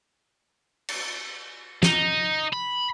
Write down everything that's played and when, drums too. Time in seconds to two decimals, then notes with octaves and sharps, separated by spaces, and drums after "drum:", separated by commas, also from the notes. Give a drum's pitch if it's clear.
0.88 drum: cymbal
1.83 D#4, drum: snare
2.53 B5